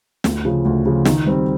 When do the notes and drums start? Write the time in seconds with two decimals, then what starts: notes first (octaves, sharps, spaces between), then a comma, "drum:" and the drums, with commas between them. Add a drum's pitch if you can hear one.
0.24 D2, drum: snare
0.45 C#3 F3
0.65 D2
0.85 C#3 F3
1.05 D#3, drum: snare
1.26 G3 C4